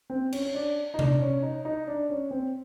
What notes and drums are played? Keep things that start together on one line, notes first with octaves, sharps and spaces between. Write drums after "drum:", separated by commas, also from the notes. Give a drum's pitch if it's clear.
C4
C#4, drum: cymbal
C#4
D4
D#4
D4, drum: tom C3
C#4
D#4
D#4
D4
C#4
C4